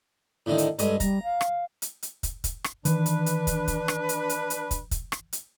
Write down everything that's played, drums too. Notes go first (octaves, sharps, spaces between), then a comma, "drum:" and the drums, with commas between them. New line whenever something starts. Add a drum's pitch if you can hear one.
A2 D3 D#3
drum: hi-hat
G2 G#3 A4 D#6, drum: hi-hat
G3 A#5, drum: kick, hi-hat
F5
drum: rim click
drum: hi-hat
drum: hi-hat
drum: kick, hi-hat
drum: kick, hi-hat
drum: rim click
D#3 E3 D4 B4, drum: hi-hat
drum: hi-hat
drum: hi-hat
drum: kick, hi-hat
drum: kick, hi-hat
drum: rim click
drum: hi-hat
drum: hi-hat
drum: hi-hat
drum: kick, hi-hat
drum: kick, hi-hat
drum: rim click
drum: hi-hat